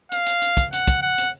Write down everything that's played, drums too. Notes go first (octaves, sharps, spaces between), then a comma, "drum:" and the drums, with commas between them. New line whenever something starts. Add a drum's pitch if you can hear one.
F5, drum: hi-hat
drum: hi-hat
drum: hi-hat
drum: kick, hi-hat
F#5, drum: hi-hat
drum: kick, hi-hat
F#5
drum: hi-hat